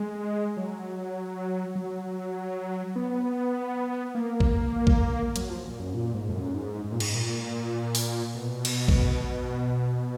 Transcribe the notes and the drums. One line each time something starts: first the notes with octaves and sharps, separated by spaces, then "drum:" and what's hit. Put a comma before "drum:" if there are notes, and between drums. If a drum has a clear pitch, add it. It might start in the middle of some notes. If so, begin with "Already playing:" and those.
Already playing: G#3
F#3
F#3
B3
A#3
drum: kick A#1
drum: kick A#1
F#3, drum: hi-hat
F3
A#2
F#2
A#2
G#2
F2
F#2
G#2
G#2
A#2
G#2, drum: cymbal
A#2
drum: open hi-hat
B2
drum: cymbal
drum: kick A#1